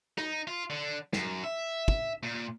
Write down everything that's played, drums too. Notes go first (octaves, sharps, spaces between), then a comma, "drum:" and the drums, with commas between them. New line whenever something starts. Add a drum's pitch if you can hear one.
D#4, drum: rim click
F4
D3
F#2, drum: snare
E5
drum: kick
A#2